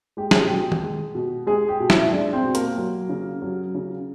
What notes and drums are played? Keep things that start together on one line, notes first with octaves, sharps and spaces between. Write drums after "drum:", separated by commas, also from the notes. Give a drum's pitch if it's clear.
G#3 G4
G#4, drum: snare
B2 G4
drum: tom D#3
G#3
B2
G#3 G#4
G4
B2
E4, drum: snare
G#3 D4
C4
B2
A#3, drum: hi-hat
F#3
C#3
F#3
C#3